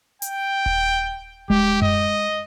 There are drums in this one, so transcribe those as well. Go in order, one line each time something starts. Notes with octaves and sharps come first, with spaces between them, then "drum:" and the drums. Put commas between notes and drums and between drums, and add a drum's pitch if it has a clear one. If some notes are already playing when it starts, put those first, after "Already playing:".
G5, drum: hi-hat
drum: kick D#1
G#3 G4, drum: kick D#1
D#5, drum: tom F#2